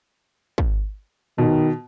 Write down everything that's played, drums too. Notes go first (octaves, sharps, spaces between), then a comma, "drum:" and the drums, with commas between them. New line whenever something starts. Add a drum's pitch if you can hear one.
drum: kick
B2 D#3